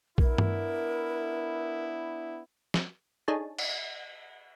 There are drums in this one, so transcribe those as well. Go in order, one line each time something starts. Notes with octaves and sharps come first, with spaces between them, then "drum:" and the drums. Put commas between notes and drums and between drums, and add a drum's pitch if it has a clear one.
B3 D4 E4 A#4, drum: kick A#1
drum: tom G2
drum: snare
D4 D#4 G#4 A4 C#5 A5
drum: cymbal